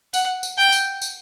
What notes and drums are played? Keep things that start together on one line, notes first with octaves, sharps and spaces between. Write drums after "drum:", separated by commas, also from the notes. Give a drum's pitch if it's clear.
F#5, drum: tambourine
drum: tambourine
G5
drum: tambourine
drum: tambourine